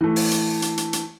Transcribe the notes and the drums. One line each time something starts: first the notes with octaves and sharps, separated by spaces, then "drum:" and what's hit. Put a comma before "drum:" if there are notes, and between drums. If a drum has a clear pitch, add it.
E3 A3
drum: open hi-hat
drum: hi-hat
drum: hi-hat
drum: hi-hat
drum: hi-hat